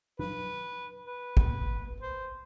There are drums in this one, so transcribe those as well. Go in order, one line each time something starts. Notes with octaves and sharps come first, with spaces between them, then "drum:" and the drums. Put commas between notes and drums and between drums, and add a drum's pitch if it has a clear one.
B4, drum: tom
B4
drum: kick
C5